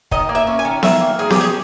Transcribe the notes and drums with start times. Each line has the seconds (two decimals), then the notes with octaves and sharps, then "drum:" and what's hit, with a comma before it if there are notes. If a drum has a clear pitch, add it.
0.11 D#3 D#5, drum: kick
0.29 A#3
0.35 E5
0.47 C#4
0.59 G#5
0.65 D#3
0.83 D#3 E5, drum: snare B3
1.01 A#3
1.19 D#3 G#4
1.30 G4, drum: snare B3
1.36 C#4 G#4